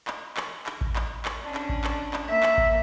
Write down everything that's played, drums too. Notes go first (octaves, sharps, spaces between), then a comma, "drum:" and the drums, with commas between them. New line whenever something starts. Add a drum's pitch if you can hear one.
drum: clap
drum: clap
drum: clap
drum: kick A1
drum: clap
drum: clap
C#4 D4
drum: clap
drum: kick A1
drum: clap
drum: clap
A#3 E5
drum: clap
drum: kick A1